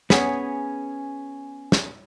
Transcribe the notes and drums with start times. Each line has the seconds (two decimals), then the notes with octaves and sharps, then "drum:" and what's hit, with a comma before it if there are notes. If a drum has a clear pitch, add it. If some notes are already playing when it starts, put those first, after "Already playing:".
0.10 B3 C#4 G#4, drum: snare
1.72 drum: snare